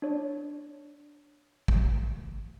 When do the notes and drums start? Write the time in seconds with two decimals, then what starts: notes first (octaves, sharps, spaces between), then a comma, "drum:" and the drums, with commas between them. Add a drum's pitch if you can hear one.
0.02 D4 C#5 D5
1.68 drum: kick A1